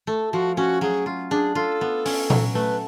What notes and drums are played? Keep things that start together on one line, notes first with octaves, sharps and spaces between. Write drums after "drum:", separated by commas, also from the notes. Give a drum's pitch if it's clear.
A3 A4
F3 F#4
C#4 F#4
F#3 G#4
F4
D4 G#4
F4 A4
B3
C#4, drum: open hi-hat
F#3, drum: tom A#2
A3 B4